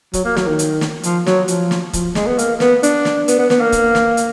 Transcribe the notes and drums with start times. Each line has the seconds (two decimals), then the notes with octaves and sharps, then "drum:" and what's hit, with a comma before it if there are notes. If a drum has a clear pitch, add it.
0.13 F#3, drum: kick C#1, hi-hat
0.25 A#3
0.36 F#3, drum: snare
0.47 D#3
0.59 drum: hi-hat
0.81 drum: snare
1.03 F3, drum: hi-hat
1.26 F#3, drum: snare
1.48 F3, drum: hi-hat
1.71 drum: snare
1.93 F3, drum: kick C#1, hi-hat
2.15 G#3, drum: snare
2.27 B3
2.39 A#3, drum: hi-hat
2.60 B3, drum: snare
2.83 D4, drum: hi-hat
3.05 drum: snare
3.28 B3, drum: hi-hat
3.39 B3
3.50 B3, drum: snare
3.61 A#3
3.72 drum: kick C#1, hi-hat
3.95 drum: snare
4.17 drum: hi-hat